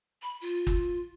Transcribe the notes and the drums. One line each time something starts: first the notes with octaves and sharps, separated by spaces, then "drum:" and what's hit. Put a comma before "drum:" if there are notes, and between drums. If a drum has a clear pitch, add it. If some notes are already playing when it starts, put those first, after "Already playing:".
B5
F4
drum: kick